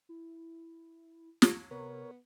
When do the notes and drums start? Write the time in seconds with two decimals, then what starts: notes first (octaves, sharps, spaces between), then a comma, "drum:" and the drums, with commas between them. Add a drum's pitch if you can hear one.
0.09 E4
1.42 drum: snare
1.71 C3 B3 A#4 C#5